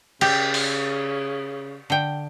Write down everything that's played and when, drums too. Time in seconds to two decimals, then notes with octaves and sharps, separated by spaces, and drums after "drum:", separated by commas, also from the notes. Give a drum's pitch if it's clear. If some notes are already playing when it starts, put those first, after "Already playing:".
0.21 C#3 G4, drum: cymbal
0.54 drum: open hi-hat
1.90 D3 G5